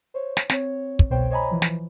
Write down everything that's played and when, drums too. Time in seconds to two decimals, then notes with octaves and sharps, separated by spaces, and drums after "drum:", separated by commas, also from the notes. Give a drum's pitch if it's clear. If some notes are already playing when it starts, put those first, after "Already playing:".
0.14 C5 C#5
0.37 drum: snare
0.50 C4 C#5, drum: snare
0.99 drum: kick
1.10 G1 C2 B2 C5 C#5 G5
1.31 C5 C#5 D#5 G#5 A#5 B5
1.51 E3 F3
1.62 drum: snare